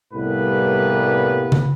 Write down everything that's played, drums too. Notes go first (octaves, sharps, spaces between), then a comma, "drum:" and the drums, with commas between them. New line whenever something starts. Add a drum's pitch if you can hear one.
C2 A2 G3 A#3 B3 B4
drum: tom C#3